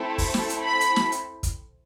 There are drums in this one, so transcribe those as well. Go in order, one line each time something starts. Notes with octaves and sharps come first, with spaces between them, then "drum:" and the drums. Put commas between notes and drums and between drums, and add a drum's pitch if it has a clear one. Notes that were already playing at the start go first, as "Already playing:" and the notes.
Already playing: A3 C4 E4 A4
drum: kick, open hi-hat
drum: snare
drum: hi-hat
B5
drum: hi-hat
drum: snare
drum: hi-hat
drum: kick, hi-hat